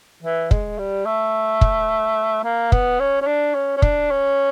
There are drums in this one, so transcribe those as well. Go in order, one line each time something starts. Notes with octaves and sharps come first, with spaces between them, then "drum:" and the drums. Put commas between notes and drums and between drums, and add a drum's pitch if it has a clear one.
E3
G#3, drum: kick
G3
A3
drum: kick
A#3
B3, drum: kick
C#4
C#4
D4
C#4
C#4
D4, drum: kick
C#4